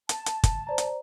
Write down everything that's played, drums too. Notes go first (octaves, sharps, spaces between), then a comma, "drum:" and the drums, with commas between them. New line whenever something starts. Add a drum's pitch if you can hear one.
A5, drum: hi-hat
drum: hi-hat
drum: kick G1, hi-hat
C5 D5 A#5
drum: hi-hat